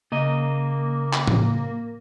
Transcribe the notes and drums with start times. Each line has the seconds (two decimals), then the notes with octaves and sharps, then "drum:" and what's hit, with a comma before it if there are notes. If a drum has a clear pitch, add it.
0.12 C#3 A#3 D#5
1.13 drum: clap
1.27 drum: tom A2